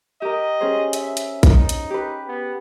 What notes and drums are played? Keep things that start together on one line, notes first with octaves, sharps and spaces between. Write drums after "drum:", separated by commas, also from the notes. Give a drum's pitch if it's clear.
G4 A#4 D#5
C#4 G#4 C5
E5, drum: hi-hat
drum: hi-hat
D#4, drum: kick A#1, hi-hat
drum: hi-hat
G4 B4
B3